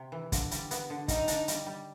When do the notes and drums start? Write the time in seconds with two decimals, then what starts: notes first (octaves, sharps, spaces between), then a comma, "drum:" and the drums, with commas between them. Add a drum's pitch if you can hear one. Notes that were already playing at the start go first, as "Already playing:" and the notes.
Already playing: C3
0.12 E3
0.32 D3, drum: kick, hi-hat
0.51 G3, drum: hi-hat
0.71 B3, drum: hi-hat
0.90 D3
1.08 G3 D#4, drum: kick, hi-hat
1.28 D4, drum: hi-hat
1.48 G3, drum: hi-hat
1.66 G3